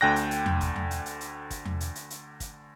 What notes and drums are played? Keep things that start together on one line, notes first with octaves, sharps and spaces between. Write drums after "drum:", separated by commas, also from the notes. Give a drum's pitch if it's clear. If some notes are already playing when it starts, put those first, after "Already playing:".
D2 D3 G5 F#6 A#6
drum: hi-hat
drum: hi-hat
drum: tom E2
drum: kick, hi-hat
drum: tom E2
drum: hi-hat
drum: hi-hat
drum: hi-hat
drum: kick, hi-hat
drum: tom E2
drum: hi-hat
drum: hi-hat
drum: hi-hat
drum: kick, hi-hat